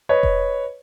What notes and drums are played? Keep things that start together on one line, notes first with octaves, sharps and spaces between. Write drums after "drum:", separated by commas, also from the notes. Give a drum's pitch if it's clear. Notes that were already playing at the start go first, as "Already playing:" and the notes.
B4 C#5 D#5
drum: kick F1